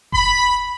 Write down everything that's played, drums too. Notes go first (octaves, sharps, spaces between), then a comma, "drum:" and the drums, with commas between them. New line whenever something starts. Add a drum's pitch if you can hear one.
B5, drum: kick F#1